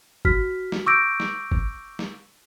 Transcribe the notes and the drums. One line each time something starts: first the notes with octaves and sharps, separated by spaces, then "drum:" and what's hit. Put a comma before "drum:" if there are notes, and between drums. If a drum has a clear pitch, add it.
F#4 F6 B6, drum: kick
drum: snare
C#6 D6 E6 G6 A#6 D7
drum: snare
drum: kick
drum: snare